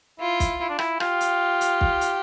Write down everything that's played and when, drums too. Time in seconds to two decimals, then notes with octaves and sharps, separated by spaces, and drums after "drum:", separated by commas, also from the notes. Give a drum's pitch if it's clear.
0.19 E4 F4
0.40 drum: kick, hi-hat
0.60 E4
0.69 D4
0.79 E4, drum: rim click
1.00 F4 G4, drum: rim click
1.21 drum: hi-hat
1.61 drum: hi-hat
1.81 drum: kick
2.01 drum: hi-hat